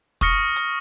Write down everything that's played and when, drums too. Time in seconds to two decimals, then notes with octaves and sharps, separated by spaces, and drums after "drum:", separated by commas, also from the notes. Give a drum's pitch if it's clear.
0.21 C#6 D#6 F6 A#6 C#7, drum: kick, hi-hat
0.56 drum: hi-hat